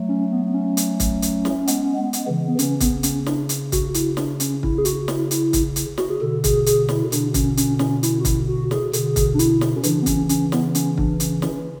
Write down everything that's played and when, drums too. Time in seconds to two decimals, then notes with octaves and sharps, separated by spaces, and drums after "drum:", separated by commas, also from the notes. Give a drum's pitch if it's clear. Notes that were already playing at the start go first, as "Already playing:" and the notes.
Already playing: F#3 A3
0.09 C#4
0.32 B3
0.46 B3
0.54 C#4
0.77 drum: hi-hat
1.00 drum: kick, hi-hat
1.22 drum: hi-hat
1.45 drum: snare
1.67 G#3 B3, drum: hi-hat
1.97 G#3 B3
2.13 drum: hi-hat
2.27 C#3 E3
2.48 B3
2.59 C#3 C#4, drum: hi-hat
2.80 B3, drum: kick, hi-hat
3.03 C#4, drum: hi-hat
3.26 D4, drum: snare
3.49 drum: hi-hat
3.72 F#4, drum: kick, hi-hat
3.94 E4, drum: hi-hat
4.17 D4, drum: snare
4.40 C#4, drum: hi-hat
4.63 E4, drum: kick
4.78 G#4
4.85 F#4, drum: hi-hat
5.08 E4, drum: snare
5.31 E4, drum: hi-hat
5.53 drum: kick, hi-hat
5.76 drum: hi-hat
5.98 F#4, drum: snare
6.10 G#4
6.22 B2 D3 A4
6.44 G#4, drum: kick, hi-hat
6.66 G#4, drum: hi-hat
6.89 E4, drum: snare
7.12 B2 D3 D4, drum: hi-hat
7.34 C#4, drum: kick, hi-hat
7.57 C#4, drum: hi-hat
7.79 C#4, drum: snare
8.03 E4, drum: hi-hat
8.20 F#4
8.25 E4, drum: kick, hi-hat
8.48 F#4
8.71 G#4, drum: snare
8.93 B2 D3 G#4, drum: hi-hat
9.16 drum: kick, hi-hat
9.34 D4
9.39 E4, drum: hi-hat
9.61 drum: snare
9.76 C#4
9.83 C#3 E3 D4, drum: hi-hat
10.02 B3
10.06 C#4, drum: kick, hi-hat
10.29 C#4, drum: hi-hat
10.52 B3, drum: snare
10.75 C#4, drum: hi-hat
10.98 D4, drum: kick
11.20 C#4, drum: hi-hat
11.42 C#4, drum: snare